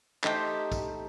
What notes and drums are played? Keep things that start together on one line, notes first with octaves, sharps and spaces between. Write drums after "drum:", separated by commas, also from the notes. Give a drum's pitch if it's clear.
A3 D#4 G4 C5, drum: clap
drum: kick, tambourine